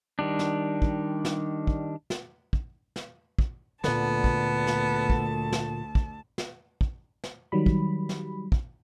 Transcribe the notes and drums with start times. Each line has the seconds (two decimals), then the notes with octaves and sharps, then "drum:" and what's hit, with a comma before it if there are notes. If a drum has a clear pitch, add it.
0.19 D#3 G3 D4
0.39 drum: snare
0.82 drum: kick
1.25 drum: snare
1.67 drum: kick
2.10 drum: snare
2.53 drum: kick
2.96 drum: snare
3.39 drum: kick
3.84 D2 A#2 D3 B3 A5, drum: snare
4.24 drum: kick
4.67 drum: snare
5.10 drum: kick
5.52 drum: snare
5.95 drum: kick
6.38 drum: snare
6.81 drum: kick
7.24 drum: snare
7.52 D#3 F#3 G3 B5
7.66 drum: kick
8.09 drum: snare
8.52 drum: kick